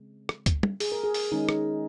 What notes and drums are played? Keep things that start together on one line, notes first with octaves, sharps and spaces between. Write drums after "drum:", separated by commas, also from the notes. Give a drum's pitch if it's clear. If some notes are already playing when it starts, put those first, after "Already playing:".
Already playing: C#3 G#3 C4
drum: rim click
drum: kick C#2, hi-hat
drum: tom
G#4, drum: open hi-hat
A#4
G#4
drum: open hi-hat
D#3 G#3 C#4 D#4
drum: rim click